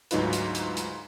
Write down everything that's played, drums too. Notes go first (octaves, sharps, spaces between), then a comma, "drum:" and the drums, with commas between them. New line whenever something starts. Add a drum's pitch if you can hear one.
D2 G#2 F#3 D#4 F4 B4, drum: hi-hat
drum: hi-hat
drum: hi-hat
drum: hi-hat